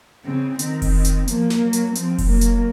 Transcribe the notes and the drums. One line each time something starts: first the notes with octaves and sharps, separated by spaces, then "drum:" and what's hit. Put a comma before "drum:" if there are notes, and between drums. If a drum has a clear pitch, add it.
C#3 C4
D#3 C4, drum: hi-hat
drum: kick F1, open hi-hat
drum: hi-hat
F3 A#3, drum: hi-hat
drum: snare
F#3
drum: hi-hat
F3 C4, drum: hi-hat
drum: kick F1, open hi-hat
F#3 A#3
drum: hi-hat